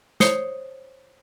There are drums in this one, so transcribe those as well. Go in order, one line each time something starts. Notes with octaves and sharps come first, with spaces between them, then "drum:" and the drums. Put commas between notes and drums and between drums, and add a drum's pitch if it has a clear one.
C5 C#5 D#6 C7 C#7 G7, drum: snare